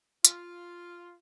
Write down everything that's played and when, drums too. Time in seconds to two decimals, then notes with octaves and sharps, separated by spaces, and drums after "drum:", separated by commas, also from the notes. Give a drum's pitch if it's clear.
0.25 F4, drum: hi-hat